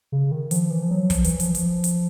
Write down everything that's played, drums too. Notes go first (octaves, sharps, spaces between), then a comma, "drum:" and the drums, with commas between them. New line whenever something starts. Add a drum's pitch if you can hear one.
C#3
D#3
F3, drum: hi-hat
E3
F3
F#3
F3, drum: kick, hi-hat
E3, drum: hi-hat
F3, drum: hi-hat
F3, drum: hi-hat
drum: hi-hat